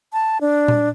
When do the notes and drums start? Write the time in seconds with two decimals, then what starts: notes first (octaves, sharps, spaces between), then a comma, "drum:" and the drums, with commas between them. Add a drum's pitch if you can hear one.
0.13 A5
0.41 D4
0.68 drum: tom A#2